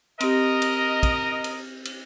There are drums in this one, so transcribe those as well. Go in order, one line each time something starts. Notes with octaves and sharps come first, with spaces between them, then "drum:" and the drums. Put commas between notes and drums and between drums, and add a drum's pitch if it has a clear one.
C4 G4 A#4 D#5, drum: cymbal
drum: cymbal
drum: kick, cymbal
drum: cymbal
drum: cymbal